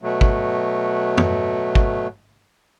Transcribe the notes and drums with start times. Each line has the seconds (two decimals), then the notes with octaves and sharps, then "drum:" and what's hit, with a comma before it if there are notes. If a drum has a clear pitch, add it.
0.02 B2 F#3 A3
0.21 drum: kick
1.18 drum: tom F2
1.75 drum: kick